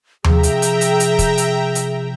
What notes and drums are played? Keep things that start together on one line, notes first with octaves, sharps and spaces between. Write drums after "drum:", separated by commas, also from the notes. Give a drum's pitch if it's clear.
C3 F3 G#4 E5 G5 A#5, drum: tom D#2
drum: hi-hat
drum: hi-hat
drum: hi-hat
drum: hi-hat
drum: kick, hi-hat
drum: hi-hat
drum: hi-hat